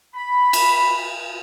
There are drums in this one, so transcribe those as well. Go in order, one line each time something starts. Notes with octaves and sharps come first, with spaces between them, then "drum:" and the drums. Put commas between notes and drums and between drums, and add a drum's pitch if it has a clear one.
B5
drum: cymbal